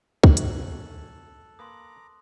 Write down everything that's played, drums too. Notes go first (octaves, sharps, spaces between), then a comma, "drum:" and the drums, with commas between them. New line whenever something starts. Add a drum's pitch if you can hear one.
C#3 A3 A4 G#5 F#6 F#7, drum: kick
drum: hi-hat
A#3 B4 G#5 A#5 C6 D6 D#6